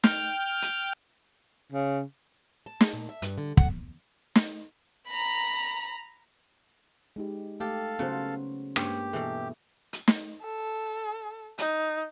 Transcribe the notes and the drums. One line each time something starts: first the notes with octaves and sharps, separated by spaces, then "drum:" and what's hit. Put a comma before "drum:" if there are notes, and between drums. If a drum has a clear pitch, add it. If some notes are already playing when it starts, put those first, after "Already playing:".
G5 F6, drum: snare
drum: hi-hat
C#3
A5
G#4, drum: snare
A#2
E5
G2, drum: hi-hat
D3
F#5, drum: kick
drum: snare
A#5 B5
G#3 D#4 G4
A3 G4 A4 F5
C#3 F#3 B3 F#4 C5
G2 G#3 A#3 G4 C5 C#5, drum: rim click
B2 E3 G#4 A4
drum: hi-hat
drum: snare
A4
D#4, drum: hi-hat